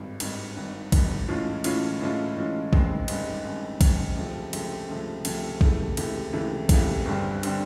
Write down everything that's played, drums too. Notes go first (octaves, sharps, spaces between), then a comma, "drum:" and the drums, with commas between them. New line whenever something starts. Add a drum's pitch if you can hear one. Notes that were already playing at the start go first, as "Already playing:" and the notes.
Already playing: G#1 G2 D#3
G#1 G2 D#3, drum: cymbal
G#1 G2 D#3
G#1 G2 D#3, drum: kick A#1, cymbal
A2 E3 G#3 C#4 F4
A2 E3 G#3 C#4 F4, drum: cymbal
A2 E3 G#3 C#4 F4
A2 E3 G#3 C#4 F4
A1 G2 D#3 G#3 C4, drum: kick A#1
A1 G2 D#3 G#3 C4, drum: cymbal
A1 G2 D#3 G#3 C4
A1 G2 D#3 G#3 C4, drum: kick A#1, cymbal
C#2 C3 F3 A3 C4
C#2 C3 F3 A3 C4, drum: cymbal
C#2 C3 F3 A3 C4
C#2 C3 F3 A3 C4, drum: cymbal
C#2 C3 E3 A3, drum: kick A#1
C#2 C3 E3 A3, drum: cymbal
C#2 C3 E3 A3
C#2 C3 E3 A3, drum: kick A#1, cymbal
G1 G2 D3 G3 C4
D3 G3 C4, drum: cymbal